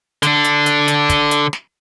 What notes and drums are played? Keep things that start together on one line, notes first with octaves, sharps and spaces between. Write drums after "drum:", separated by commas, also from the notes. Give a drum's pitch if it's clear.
D3 D4, drum: hi-hat
drum: hi-hat
drum: hi-hat
drum: hi-hat
drum: kick, hi-hat
drum: hi-hat
drum: snare